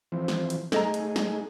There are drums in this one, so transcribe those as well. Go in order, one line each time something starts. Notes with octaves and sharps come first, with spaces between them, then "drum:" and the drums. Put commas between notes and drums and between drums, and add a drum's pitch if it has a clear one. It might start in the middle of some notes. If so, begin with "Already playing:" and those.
E3 F3 C4
drum: snare
drum: hi-hat
A3 D#4 G#4 A4 D#5 A#5, drum: snare
drum: hi-hat
drum: snare